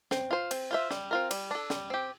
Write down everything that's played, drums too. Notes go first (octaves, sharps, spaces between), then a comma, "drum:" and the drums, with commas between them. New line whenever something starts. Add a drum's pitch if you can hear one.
C4, drum: snare
F4 C5
C4, drum: cymbal
F4 C5 E5
G3, drum: snare
C4 F4 A#4
G3, drum: cymbal
D4 A4
G3, drum: snare
C4 G4